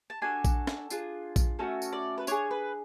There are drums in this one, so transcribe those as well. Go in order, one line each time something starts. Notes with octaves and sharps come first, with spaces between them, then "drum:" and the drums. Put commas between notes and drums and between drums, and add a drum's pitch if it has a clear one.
A5
D4 F#4 A4 G#5
drum: kick A#1, tambourine
drum: snare
D4 F4 G#4, drum: tambourine
drum: kick A#1, tambourine
A3 C#4 F#4 A4
drum: tambourine
D5
B4
D4 G#4 C#5, drum: tambourine
B4